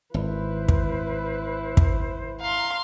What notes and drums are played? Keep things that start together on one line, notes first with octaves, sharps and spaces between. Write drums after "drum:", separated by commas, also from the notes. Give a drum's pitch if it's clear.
G#1 E4 B4 C5
drum: kick
drum: kick
F5 A#5 C6